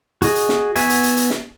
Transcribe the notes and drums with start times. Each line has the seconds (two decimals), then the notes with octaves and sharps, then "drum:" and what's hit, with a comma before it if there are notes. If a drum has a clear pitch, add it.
0.22 F#4 G#4 D#5, drum: hi-hat
0.35 drum: hi-hat
0.49 drum: snare
0.76 B3 F#4 E5 G#5, drum: hi-hat
0.90 drum: hi-hat
1.03 drum: hi-hat
1.17 drum: hi-hat
1.30 drum: snare